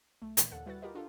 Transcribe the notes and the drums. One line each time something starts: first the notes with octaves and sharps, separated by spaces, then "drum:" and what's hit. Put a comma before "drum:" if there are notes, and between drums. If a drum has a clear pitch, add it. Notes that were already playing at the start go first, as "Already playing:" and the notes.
B1 A3
A#2 D#3 E3, drum: hi-hat
D#2 D3 A4 F#5 F#6
G3 E4 F#4 B4 F#5 A6
F4 G4 A#4 B4 D#5
D4 F4 G4 A4